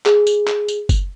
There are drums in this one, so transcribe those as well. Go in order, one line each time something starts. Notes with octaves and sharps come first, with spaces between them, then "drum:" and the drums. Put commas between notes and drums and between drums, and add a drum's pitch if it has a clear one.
G#4, drum: clap
drum: tambourine
drum: clap
drum: tambourine
drum: kick F#1, tambourine